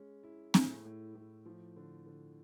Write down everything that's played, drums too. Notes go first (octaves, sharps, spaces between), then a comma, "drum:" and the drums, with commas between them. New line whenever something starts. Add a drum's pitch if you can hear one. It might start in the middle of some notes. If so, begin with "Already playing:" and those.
Already playing: G#3 C#4
E4
A2, drum: snare C4
A2
A2
F3
D3
D3